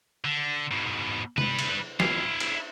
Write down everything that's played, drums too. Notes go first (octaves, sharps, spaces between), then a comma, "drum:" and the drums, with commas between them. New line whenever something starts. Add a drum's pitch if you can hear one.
D3
G#2 B2
G3 B4, drum: tom
drum: cymbal
E4 F5, drum: snare
drum: cymbal